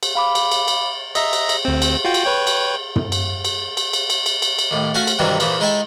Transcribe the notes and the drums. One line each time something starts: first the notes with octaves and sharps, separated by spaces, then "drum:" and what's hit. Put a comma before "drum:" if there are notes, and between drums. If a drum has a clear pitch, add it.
drum: cymbal
F5 B5 D6
drum: cymbal
drum: cymbal
drum: cymbal
D#5 E5 A#5, drum: cymbal
drum: cymbal
drum: cymbal
D2 C4
drum: cymbal
F4 F#4 G5
drum: cymbal
B4 C#5 G5
drum: cymbal
drum: tom
drum: cymbal
drum: cymbal
drum: cymbal
drum: cymbal
drum: cymbal
drum: cymbal
drum: cymbal
drum: cymbal
D#2 A2
A3 C#4 F#4 F5 F#5 G#5
drum: cymbal
G2 C3 D#3 E3 F#3 G3
A#2 E3 F3, drum: cymbal
G#3 D#4 E4 A4 G5 G#5